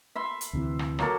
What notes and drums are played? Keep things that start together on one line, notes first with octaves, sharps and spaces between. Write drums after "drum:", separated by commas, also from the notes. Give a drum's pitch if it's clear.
E5 B5 C6
drum: hi-hat
D2 C3 E3
drum: rim click
F#3 A#3 A4, drum: rim click